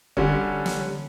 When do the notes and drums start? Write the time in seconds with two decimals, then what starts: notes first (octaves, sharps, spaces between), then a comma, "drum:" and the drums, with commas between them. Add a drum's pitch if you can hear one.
0.17 D3 G3 C#4, drum: kick
0.66 drum: snare